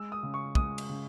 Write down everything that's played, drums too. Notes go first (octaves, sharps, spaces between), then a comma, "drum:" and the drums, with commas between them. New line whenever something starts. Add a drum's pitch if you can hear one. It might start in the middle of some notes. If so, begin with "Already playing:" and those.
Already playing: G#3 E6
D#6
C#3
C#6
G#3 D#6, drum: kick
drum: cymbal
C#3